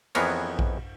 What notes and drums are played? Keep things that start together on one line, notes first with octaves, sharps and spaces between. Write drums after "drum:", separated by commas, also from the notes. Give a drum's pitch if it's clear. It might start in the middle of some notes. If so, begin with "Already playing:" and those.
F2 E3 B3 G#4 A#4 C#5, drum: cymbal
drum: kick A#1